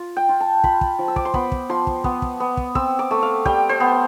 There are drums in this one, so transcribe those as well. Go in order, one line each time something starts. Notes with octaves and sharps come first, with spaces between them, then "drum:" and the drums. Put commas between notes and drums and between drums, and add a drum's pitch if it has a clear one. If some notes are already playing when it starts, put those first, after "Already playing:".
Already playing: F4
G5
F4
A5
F4 B5, drum: kick
drum: kick
F3
E6
D6, drum: kick
C6
B3 B5, drum: kick
drum: kick
F3 C6
drum: kick
B3, drum: kick
drum: kick
B3
drum: kick
C4 E6, drum: kick
D6
A3
F5
G3 G5, drum: kick
C5
B3